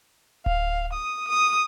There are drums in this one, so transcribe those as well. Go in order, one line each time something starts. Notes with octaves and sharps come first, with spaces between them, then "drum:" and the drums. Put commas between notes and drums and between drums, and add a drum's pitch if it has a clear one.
F5, drum: kick D1
D#6
D#6